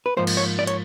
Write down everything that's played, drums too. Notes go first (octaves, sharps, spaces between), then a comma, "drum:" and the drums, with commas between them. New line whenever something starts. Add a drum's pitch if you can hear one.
B4
G#2 F3 A#3 C5
drum: cymbal
C#5
D5
C#5, drum: hi-hat